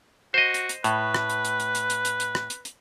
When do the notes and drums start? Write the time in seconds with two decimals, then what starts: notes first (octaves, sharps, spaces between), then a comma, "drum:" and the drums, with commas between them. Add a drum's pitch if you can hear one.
0.34 F#4 C5 D#5
0.54 drum: hi-hat
0.69 drum: hi-hat
0.84 A2 B4, drum: hi-hat
1.14 drum: rim click
1.30 drum: hi-hat
1.45 drum: hi-hat
1.60 drum: hi-hat
1.75 drum: hi-hat
1.90 drum: hi-hat
2.05 drum: hi-hat
2.20 drum: hi-hat
2.35 drum: rim click
2.50 drum: hi-hat
2.65 drum: hi-hat